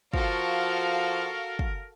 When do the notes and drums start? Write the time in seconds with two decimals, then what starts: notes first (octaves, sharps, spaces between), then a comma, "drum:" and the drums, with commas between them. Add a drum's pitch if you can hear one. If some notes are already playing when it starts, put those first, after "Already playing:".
0.14 F3 F#4 A4 A#4 F5, drum: kick
1.59 drum: kick